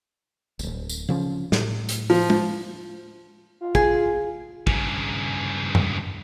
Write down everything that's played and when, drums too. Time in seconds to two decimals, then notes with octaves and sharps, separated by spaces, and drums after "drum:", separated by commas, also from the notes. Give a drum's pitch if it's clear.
0.59 D1 G#1, drum: tambourine
0.89 drum: tambourine
1.09 C#3 F3 C#4
1.52 A2, drum: snare
1.89 drum: hi-hat
2.10 F3, drum: open hi-hat
2.30 drum: tom
3.61 F4
3.75 G#4, drum: kick
4.67 G2 C#3, drum: kick
5.75 drum: tom F2